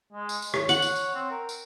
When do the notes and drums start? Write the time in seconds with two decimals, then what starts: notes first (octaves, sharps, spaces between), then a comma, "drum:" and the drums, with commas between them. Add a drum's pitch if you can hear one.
0.12 G#3
0.29 drum: tambourine
0.42 drum: tambourine
0.54 C#5, drum: rim click
0.69 F#5, drum: tambourine
0.82 drum: tambourine
0.96 drum: tambourine
1.15 C4
1.30 A#4
1.49 drum: tambourine